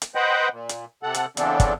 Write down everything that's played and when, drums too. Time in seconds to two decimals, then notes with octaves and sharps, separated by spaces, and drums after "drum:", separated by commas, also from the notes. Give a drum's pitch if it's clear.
0.02 drum: hi-hat
0.15 B4 C5 D#5 F#5 G5
0.52 A#2
0.69 drum: hi-hat
1.03 C3 A4 F#5
1.14 drum: hi-hat
1.37 C#3 E3 B3 C4 D4 A4, drum: hi-hat
1.60 drum: kick, hi-hat